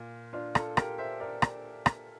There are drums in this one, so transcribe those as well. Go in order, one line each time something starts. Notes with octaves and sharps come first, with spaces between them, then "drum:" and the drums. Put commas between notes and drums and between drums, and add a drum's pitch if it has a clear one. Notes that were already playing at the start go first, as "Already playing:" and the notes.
Already playing: A#2 F4
D4 F4
F4 A4, drum: rim click
G4 A#4, drum: rim click
C5 E5
A#4 D5
drum: rim click
drum: rim click